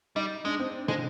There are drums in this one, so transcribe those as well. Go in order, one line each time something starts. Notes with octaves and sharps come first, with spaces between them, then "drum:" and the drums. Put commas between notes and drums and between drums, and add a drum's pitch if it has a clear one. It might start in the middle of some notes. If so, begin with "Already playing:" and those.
G3 D#4
G#3 D4
C4
G#3, drum: tom